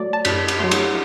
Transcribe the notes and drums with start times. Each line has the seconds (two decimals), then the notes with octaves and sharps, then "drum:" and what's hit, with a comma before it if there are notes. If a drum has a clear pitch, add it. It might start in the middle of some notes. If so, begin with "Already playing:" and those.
Already playing: F#3 A3 D5
0.13 A5
0.25 F#2 B5, drum: cymbal
0.48 drum: cymbal
0.59 F#3 A3 C6
0.71 drum: cymbal